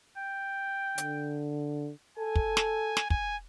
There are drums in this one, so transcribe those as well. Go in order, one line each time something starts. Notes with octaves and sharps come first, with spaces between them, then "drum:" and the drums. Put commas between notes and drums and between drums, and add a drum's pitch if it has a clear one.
G5
D3, drum: hi-hat
A4 G#5
drum: kick
drum: snare
drum: snare
G#5, drum: kick